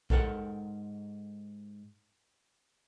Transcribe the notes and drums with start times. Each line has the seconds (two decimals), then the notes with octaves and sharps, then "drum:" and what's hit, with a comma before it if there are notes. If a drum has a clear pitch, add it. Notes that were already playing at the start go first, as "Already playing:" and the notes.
0.10 G#2 A4 A#4 F#5, drum: kick A#1